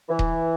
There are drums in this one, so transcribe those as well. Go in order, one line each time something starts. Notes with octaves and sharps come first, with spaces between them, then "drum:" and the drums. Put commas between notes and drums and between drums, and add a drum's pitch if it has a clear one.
E3
drum: kick D#1